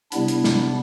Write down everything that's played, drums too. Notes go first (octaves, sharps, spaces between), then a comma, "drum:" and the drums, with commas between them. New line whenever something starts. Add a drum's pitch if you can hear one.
C3 G3 B3 D4 E4, drum: hi-hat
drum: hi-hat
drum: snare